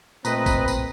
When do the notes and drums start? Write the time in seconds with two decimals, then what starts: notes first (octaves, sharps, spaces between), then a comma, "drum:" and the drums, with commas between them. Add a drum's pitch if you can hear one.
0.25 A#2 A3 C4 B4 D#5 A#5, drum: tambourine
0.46 drum: kick, tambourine
0.68 drum: tambourine